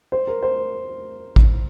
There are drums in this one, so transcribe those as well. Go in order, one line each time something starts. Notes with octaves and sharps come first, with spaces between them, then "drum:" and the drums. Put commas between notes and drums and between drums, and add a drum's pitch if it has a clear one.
C5
A#4
C5
drum: kick A1